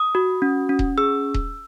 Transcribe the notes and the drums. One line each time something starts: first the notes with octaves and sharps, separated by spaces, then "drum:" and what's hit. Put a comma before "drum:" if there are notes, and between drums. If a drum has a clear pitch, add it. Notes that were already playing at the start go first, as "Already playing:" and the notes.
Already playing: D#6
F#4
C#4
C#4
drum: kick D#1
G#4 E6
drum: kick D#1